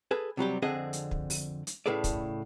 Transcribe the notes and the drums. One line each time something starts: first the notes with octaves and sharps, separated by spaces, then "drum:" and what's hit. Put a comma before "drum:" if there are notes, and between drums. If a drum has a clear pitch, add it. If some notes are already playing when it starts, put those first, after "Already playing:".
G#4 A4 B4
C3 F#3 G3 G4
F2 D3 C4 D4 G#4 D#5
drum: hi-hat
drum: kick
drum: open hi-hat
drum: hi-hat
A2 C#3 G#4 A4 B4 D5
drum: kick, hi-hat